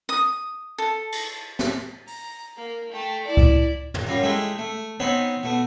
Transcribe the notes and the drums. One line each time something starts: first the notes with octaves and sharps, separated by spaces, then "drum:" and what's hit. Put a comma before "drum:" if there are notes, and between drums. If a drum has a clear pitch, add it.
D#6
A4
drum: cymbal
drum: snare
A#5, drum: open hi-hat
A#3
A3 G5
E4 D5
drum: kick C#2
drum: tom
F#2 G3 F4 A#5 D6
G#3 A3 E4 G4
A3
B3 C4 D#4 B4 C#5
B2 A3